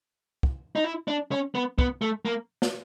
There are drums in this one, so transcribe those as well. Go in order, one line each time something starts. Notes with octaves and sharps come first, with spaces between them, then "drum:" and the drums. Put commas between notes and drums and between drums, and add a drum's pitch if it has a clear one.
drum: kick
D#4
E4
D4
C#4
B3
B3, drum: kick
A3
A#3
drum: snare